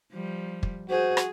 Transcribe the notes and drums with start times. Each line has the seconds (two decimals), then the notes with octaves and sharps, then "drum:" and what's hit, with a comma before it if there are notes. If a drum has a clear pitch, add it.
0.12 F3 G3
0.63 drum: kick
0.90 F#4 G#4 C5
1.17 drum: rim click